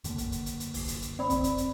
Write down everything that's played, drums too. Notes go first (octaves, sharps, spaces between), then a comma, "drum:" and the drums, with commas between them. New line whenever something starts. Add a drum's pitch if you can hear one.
F#2 D3 A#3, drum: hi-hat
drum: kick C#1, hi-hat
drum: hi-hat
drum: hi-hat
drum: hi-hat
drum: kick C#1, open hi-hat
drum: hi-hat
drum: hi-hat
C4 D5 B5
drum: kick C#1, hi-hat
drum: hi-hat
drum: hi-hat